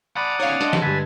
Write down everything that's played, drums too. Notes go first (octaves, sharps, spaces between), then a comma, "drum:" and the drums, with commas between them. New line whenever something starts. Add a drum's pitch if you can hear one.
D5 F#5 A#5 B5 D#6
C#4 D#4 C#5 F5
G#3 D4 A4 D#5, drum: hi-hat
drum: snare
G2 D3 A4 B4 G#5